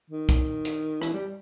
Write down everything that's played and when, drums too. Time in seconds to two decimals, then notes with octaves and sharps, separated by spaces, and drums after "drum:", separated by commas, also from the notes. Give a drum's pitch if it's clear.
0.10 D#3
0.29 drum: kick, hi-hat
0.65 drum: hi-hat
1.02 E3, drum: rim click
1.13 G3